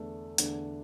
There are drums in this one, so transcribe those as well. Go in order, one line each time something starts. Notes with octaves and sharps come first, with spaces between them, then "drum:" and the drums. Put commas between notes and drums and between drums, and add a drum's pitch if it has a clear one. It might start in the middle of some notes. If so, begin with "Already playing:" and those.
Already playing: E2 D3 A3 D4
E2 D3 A3 D4, drum: hi-hat